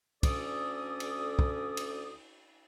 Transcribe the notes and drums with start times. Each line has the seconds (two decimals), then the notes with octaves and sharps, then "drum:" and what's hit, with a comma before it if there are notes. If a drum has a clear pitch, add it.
0.23 D2 C#4 A4 D5 D#6, drum: kick, cymbal
1.00 drum: cymbal
1.39 drum: kick
1.77 drum: cymbal